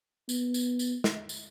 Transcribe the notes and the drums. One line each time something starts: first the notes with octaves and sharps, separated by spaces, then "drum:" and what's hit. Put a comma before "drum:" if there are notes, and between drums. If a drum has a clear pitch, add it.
B3, drum: tambourine
drum: tambourine
drum: tambourine
drum: snare
drum: tambourine